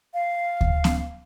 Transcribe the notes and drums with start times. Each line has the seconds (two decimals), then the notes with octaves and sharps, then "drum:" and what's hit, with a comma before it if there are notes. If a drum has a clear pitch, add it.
0.14 F5
0.61 drum: kick D2
0.84 drum: snare B3